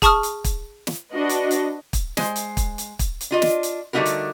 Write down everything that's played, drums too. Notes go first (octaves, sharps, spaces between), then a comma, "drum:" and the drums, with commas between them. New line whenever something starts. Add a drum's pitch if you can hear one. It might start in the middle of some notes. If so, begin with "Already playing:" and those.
G#4 A5 C#6 D#6 F6, drum: kick, hi-hat
drum: hi-hat
drum: kick, hi-hat
drum: snare
D4 F#4 B4 D#5
drum: hi-hat
drum: hi-hat
drum: kick, hi-hat
G#3 C5, drum: snare
drum: hi-hat
drum: kick, hi-hat
drum: hi-hat
drum: kick, hi-hat
drum: hi-hat
D4 F4 D#5
drum: snare
drum: hi-hat
D3 G3 A3 D#4 F#4 A#4
drum: hi-hat